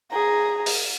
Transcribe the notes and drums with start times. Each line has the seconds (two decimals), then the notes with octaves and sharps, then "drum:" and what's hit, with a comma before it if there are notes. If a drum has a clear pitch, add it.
0.11 G#4 A#5
0.66 drum: open hi-hat